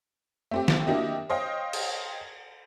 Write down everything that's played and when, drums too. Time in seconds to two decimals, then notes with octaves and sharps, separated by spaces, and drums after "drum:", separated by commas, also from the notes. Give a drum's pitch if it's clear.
0.51 A3 C4 G4
0.68 drum: snare
0.87 A#3 D4 E4 F#4 G4 D#5
1.30 C5 C#5 D#5 F5 G5
1.73 drum: cymbal